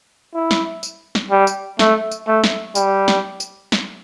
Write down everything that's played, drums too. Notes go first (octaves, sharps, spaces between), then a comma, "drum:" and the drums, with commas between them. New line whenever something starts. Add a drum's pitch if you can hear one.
E4
drum: snare
drum: tambourine
drum: snare
G3
drum: tambourine
A3, drum: snare
drum: tambourine
A3
drum: snare
G3, drum: tambourine
drum: snare
drum: tambourine
drum: snare